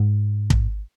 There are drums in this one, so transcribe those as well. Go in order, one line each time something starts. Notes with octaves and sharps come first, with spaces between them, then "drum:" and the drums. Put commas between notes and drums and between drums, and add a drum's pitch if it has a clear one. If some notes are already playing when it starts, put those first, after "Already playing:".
Already playing: G#2
drum: kick